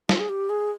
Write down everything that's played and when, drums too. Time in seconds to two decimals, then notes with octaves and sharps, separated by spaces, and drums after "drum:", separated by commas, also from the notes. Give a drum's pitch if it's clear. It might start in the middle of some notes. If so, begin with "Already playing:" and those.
0.09 F4, drum: snare
0.19 G#4
0.29 G4
0.49 G#4